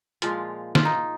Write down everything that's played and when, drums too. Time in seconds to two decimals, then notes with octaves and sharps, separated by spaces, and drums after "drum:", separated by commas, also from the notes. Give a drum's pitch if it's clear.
0.22 A#2 F3 G#3 F4, drum: hi-hat
0.75 F4, drum: snare
0.85 D#4